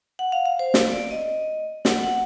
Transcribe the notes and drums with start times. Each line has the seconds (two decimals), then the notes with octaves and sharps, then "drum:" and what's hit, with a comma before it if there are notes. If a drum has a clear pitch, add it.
0.19 F#5
0.32 F5
0.46 F5
0.59 C5
0.74 drum: snare
0.92 D5
1.11 D#5
1.85 F#5, drum: snare
2.03 F#5